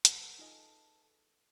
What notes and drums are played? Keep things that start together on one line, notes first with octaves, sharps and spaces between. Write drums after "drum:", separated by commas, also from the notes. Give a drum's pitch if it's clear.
A4 B4 F#5, drum: hi-hat
D#4 F4 G#4 D#5